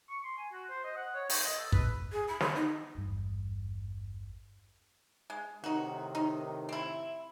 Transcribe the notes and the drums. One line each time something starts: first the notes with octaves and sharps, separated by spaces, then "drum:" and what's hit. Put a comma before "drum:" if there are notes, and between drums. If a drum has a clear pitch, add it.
C#6
C6
G#5
F#4
C5
D#5
F#5
C#5
D#4, drum: open hi-hat
D#5
A4
B4, drum: kick
G#4
B5
B5, drum: snare
D#4
G#1 E2 G2
G#3
A2 C3 D#3 D#4 F#4
D#4
C4 E4